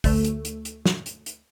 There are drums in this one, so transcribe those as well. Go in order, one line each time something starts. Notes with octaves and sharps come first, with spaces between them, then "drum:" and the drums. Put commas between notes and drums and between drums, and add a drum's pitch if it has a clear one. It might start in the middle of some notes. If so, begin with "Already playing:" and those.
D2 A3, drum: kick, open hi-hat
drum: hi-hat
drum: hi-hat
drum: hi-hat
drum: snare
drum: hi-hat
drum: hi-hat